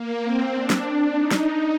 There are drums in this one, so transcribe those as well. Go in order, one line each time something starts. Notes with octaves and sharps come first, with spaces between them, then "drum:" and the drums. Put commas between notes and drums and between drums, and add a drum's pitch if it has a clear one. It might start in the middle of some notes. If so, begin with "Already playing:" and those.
Already playing: A#3
C4
D4
drum: snare
D#4
drum: snare